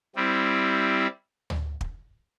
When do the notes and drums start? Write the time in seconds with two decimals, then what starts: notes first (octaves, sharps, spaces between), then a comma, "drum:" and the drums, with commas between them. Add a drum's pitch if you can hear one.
0.16 G3 C4 E4
1.50 drum: tom D2
1.81 drum: kick